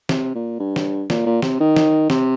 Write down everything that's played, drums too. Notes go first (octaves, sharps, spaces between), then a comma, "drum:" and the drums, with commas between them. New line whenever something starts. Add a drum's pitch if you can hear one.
C3, drum: snare
A#2
G2
drum: snare
A#2, drum: snare
A#2
C3, drum: snare
D#3
drum: snare
C3, drum: snare